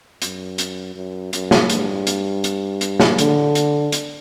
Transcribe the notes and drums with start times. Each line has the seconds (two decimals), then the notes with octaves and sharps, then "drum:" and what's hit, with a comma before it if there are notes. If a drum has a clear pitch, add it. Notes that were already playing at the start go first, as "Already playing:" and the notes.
0.22 F#2, drum: hi-hat
0.58 drum: hi-hat
0.96 F#2
1.33 F#2, drum: hi-hat
1.51 drum: snare
1.70 G2, drum: hi-hat
2.07 drum: hi-hat
2.44 drum: hi-hat
2.81 drum: hi-hat
3.00 drum: snare
3.18 D3, drum: hi-hat
3.55 drum: hi-hat
3.92 drum: hi-hat